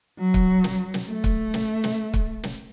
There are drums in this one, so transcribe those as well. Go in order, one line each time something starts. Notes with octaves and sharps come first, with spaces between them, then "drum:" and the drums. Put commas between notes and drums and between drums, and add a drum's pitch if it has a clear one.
F#3
drum: kick
drum: snare
drum: snare
A3
drum: kick
drum: snare
drum: snare
drum: kick
drum: snare